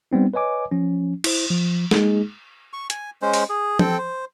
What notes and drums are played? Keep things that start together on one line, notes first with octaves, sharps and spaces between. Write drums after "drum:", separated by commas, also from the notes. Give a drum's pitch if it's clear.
G3 B3 C4 D#4
B4 C#5 D#5 G#5 D6
F3 C#4
E4 C5, drum: cymbal
F3
G#3 A#3 D#4 G#4, drum: snare
C#6
G#5, drum: hi-hat
G#3 C#4 C5
drum: open hi-hat
G#4
C4 A4 G5, drum: tom F3
C5